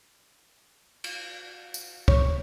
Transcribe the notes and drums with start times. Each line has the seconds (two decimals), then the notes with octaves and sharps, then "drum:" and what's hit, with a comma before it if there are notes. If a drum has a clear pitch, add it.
1.04 drum: cymbal
1.74 drum: tambourine
2.08 C#5, drum: kick